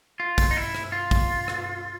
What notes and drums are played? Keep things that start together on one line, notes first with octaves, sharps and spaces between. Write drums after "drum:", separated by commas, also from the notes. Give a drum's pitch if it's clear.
F4
drum: kick, open hi-hat
D#4
E4
drum: rim click
F4
drum: kick, open hi-hat
drum: rim click